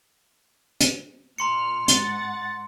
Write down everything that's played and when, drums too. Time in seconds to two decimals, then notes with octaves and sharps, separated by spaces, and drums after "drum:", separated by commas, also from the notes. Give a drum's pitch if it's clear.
0.81 drum: hi-hat
1.38 A#2 A#5 C6 F6 C#7
1.88 G#2 F#5 A6, drum: hi-hat